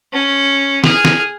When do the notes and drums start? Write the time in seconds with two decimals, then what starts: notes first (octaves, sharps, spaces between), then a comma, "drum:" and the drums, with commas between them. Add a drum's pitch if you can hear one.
0.13 C#4
0.84 G#4 F6, drum: snare
1.05 drum: snare